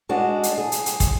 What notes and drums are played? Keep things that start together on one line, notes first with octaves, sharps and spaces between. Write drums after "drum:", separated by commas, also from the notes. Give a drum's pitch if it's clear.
G#3 D4 F#4
drum: hi-hat
G#4
drum: hi-hat
drum: hi-hat
drum: kick, hi-hat